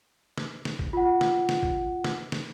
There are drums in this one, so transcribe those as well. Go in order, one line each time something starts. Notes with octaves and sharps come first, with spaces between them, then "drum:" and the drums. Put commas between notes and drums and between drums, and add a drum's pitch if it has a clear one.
drum: snare
drum: snare
drum: kick G#1
F4 F#5
drum: snare
drum: snare
drum: kick G#1
drum: snare
drum: snare